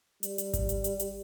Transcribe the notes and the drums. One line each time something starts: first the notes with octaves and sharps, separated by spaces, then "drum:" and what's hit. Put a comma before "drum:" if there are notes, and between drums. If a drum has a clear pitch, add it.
G3, drum: hi-hat
drum: hi-hat
drum: kick G#1, hi-hat
drum: hi-hat
drum: hi-hat
drum: hi-hat